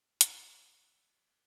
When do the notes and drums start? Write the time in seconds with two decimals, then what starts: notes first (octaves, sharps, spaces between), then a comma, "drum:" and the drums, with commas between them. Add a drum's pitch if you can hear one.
0.21 B6, drum: hi-hat
0.48 D6 F#6 G#6 A6 F#7 G7
0.83 D6 E6 F#6 C#7 E7
1.10 A6 C7 D7
1.30 F6 F#6 C7 G7